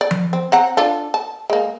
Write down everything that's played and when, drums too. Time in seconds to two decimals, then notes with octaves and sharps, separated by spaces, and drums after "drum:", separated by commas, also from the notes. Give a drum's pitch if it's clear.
0.01 D5
0.11 drum: tom F3
0.33 C4
0.52 C4 F#5 A#5
0.77 D4 F4 A4
1.14 A5
1.50 G#3 A#3